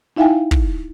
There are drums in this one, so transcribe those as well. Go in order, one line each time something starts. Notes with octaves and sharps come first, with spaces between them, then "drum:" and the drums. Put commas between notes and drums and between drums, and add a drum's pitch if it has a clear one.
D#4 E4 E5 F5 G5 G#5
drum: kick